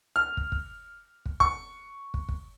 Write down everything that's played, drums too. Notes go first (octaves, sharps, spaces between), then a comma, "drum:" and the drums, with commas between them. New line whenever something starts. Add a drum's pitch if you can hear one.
F6
drum: kick
drum: kick
drum: kick
C#6, drum: kick
drum: kick
drum: kick